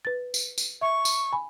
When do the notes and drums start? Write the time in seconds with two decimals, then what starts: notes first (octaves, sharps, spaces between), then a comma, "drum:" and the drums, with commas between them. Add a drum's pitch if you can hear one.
0.05 B4 A6
0.34 drum: tambourine
0.58 drum: tambourine
0.81 E5 C#6
1.05 drum: tambourine
1.33 G#5 B5